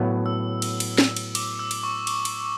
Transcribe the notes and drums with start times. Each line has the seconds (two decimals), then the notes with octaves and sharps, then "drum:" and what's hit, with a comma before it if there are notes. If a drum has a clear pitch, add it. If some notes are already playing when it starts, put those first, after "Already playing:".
Already playing: A2 F#3 B3
0.26 E6
0.62 drum: cymbal
0.80 drum: cymbal
0.98 drum: snare
1.16 drum: cymbal
1.35 D6, drum: cymbal
1.59 E6
1.71 drum: cymbal
1.83 C#6
2.07 D6, drum: cymbal
2.25 drum: cymbal